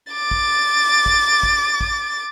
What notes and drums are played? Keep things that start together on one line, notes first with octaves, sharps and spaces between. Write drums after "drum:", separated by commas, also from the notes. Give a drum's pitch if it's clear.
D6 A6
drum: kick
drum: kick
drum: kick
drum: kick